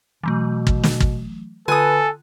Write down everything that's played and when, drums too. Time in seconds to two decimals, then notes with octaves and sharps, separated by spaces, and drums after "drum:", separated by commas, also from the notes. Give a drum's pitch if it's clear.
0.24 B2 E3 F#3 A3
0.67 drum: kick
0.84 drum: snare
1.00 drum: kick
1.68 D3 F4 A4 B4 G#5 D#6 F#6